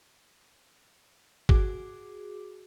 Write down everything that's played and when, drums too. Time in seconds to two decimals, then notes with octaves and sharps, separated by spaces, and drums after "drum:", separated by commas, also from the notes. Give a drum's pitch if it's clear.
1.49 F#4 G#4 D6, drum: kick G#1